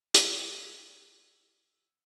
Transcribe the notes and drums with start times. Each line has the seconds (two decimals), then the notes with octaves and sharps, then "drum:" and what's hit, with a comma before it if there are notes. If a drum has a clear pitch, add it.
0.14 E6 G#6, drum: hi-hat